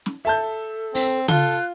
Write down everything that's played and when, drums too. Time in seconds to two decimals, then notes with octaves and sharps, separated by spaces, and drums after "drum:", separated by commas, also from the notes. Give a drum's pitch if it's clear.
0.06 drum: snare
0.25 A4 E5 A5 G6
0.95 C4, drum: open hi-hat
1.28 F4 A4 F#6 G7, drum: tom C#3